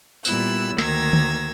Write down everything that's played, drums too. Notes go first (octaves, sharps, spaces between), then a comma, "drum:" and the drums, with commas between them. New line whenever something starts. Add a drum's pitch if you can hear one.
A#2 G3 B3 E4 E6 F#6, drum: tambourine
D2 D#3 A#3 E6 G#6 A#6, drum: snare
drum: tom D3